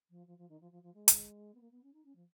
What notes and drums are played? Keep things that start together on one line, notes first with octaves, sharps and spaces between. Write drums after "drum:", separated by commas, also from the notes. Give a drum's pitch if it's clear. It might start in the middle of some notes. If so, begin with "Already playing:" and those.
F3
F3
F3
D#3
F3
F3
F3
G#3
drum: hi-hat
B3
A#3
B3
C#4
D#4
C#4
F3